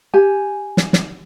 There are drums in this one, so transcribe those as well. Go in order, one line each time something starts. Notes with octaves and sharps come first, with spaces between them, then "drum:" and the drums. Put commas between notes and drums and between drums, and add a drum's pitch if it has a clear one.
G4 G#5
drum: snare
drum: snare